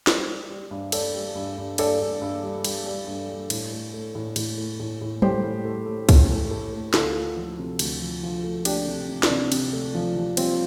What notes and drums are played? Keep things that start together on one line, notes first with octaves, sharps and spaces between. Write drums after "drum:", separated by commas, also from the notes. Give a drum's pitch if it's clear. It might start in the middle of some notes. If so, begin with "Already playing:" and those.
G3 G4 C5, drum: snare
G3
G3
G2
G3 A4 D5, drum: cymbal
G3
G2
G2
G2 A4 D5, drum: cymbal
G2
G2
G3
G3, drum: cymbal
G3
G2
G3
A2, drum: cymbal
A3
A3
A2
A2, drum: cymbal
A3
A2
A2
A3 G4 C5, drum: tom
A2
A3
A3
A2, drum: kick, cymbal
A3
A3
A3
D2 F4 A4, drum: snare
A3
F3
C3
D2, drum: cymbal
F3
F3
A3
A3 D4 G4, drum: cymbal
C3
C3
D4, drum: snare
C3
C3, drum: cymbal
A3
F3
F3
G3 C4 F4, drum: cymbal